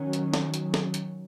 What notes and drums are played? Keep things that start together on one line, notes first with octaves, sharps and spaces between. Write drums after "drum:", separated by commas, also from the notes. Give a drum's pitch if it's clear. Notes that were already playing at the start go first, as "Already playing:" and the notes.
Already playing: D#3 F#3 C#4
drum: hi-hat
drum: snare
drum: hi-hat
drum: snare
drum: hi-hat